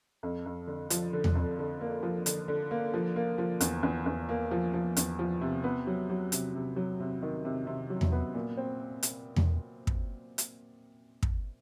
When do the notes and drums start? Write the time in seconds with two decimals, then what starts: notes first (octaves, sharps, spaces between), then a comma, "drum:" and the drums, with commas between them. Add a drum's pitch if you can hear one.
0.23 F2
0.46 F2
0.67 D3
0.90 F3, drum: hi-hat
1.13 D3
1.24 drum: tom E2
1.35 F2
1.59 D3
1.81 A#3
2.03 F3
2.26 D3, drum: hi-hat
2.48 D3
2.71 A#3
2.94 F3
3.16 A#3
3.38 F3
3.61 E2, drum: hi-hat
3.83 E2
4.06 E2
4.29 A#3
4.51 F3
4.74 F3
4.97 E2, drum: hi-hat
5.19 F3
5.41 C3
5.64 B3
5.87 F#3
6.10 F#3
6.32 C3, drum: hi-hat
6.55 C3
6.76 F#3
7.00 C3
7.22 D#3
7.45 C3
7.67 C3
7.90 F#3
8.01 drum: tom E2
8.12 B3
8.35 A#2
8.57 C4
9.03 drum: hi-hat
9.36 drum: tom E2
9.87 drum: kick
10.38 drum: hi-hat
11.23 drum: kick